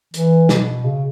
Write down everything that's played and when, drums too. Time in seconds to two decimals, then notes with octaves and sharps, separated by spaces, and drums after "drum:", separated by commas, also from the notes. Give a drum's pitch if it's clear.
0.14 E3, drum: hi-hat
0.49 B2, drum: snare
0.85 C#3